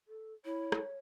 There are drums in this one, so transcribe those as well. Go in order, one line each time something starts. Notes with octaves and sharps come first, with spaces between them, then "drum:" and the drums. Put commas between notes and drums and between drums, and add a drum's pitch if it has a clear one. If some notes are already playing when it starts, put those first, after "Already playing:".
A4
E4 C#5
drum: rim click